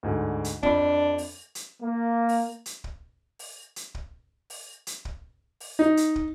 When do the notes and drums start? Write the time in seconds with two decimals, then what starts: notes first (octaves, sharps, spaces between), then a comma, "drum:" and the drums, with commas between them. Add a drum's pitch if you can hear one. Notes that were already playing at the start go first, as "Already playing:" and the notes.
0.03 D2 G#2 D3
0.44 drum: hi-hat
0.63 F2 D4 B5, drum: kick
1.18 drum: open hi-hat
1.55 drum: hi-hat
1.82 A#3
2.29 drum: open hi-hat
2.66 drum: hi-hat
2.84 drum: kick
3.39 drum: open hi-hat
3.76 drum: hi-hat
3.95 drum: kick
4.50 drum: open hi-hat
4.87 drum: hi-hat
5.05 drum: kick
5.60 drum: open hi-hat
5.79 D#4
5.97 drum: hi-hat
6.16 drum: kick